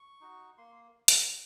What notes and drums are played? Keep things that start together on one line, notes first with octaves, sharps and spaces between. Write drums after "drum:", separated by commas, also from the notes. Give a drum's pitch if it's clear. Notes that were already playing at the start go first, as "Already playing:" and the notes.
Already playing: C#6
D#4 F#4
A#3 C6
drum: hi-hat